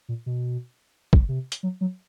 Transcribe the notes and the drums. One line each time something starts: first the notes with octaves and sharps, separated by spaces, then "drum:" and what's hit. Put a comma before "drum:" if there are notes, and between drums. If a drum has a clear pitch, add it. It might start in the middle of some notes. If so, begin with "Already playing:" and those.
A#2
B2
drum: kick
C3
drum: hi-hat
F#3
F#3